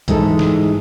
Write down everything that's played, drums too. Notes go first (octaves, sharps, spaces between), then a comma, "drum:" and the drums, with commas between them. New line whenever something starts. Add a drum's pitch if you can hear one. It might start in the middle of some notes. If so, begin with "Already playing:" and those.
G#2 E3 G#3 D#4 A4, drum: kick B1, hi-hat
drum: snare